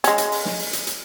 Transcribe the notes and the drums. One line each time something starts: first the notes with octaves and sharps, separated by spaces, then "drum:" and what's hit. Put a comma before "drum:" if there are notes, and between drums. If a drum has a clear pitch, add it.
G#3 C#4, drum: hi-hat
drum: hi-hat
drum: open hi-hat
drum: snare
drum: open hi-hat
drum: hi-hat
drum: hi-hat